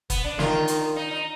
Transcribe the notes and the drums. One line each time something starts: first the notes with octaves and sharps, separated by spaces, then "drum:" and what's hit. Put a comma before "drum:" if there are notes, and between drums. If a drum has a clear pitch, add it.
B3, drum: kick, hi-hat
D4
D#3 F4, drum: snare
drum: hi-hat
D#4
D#4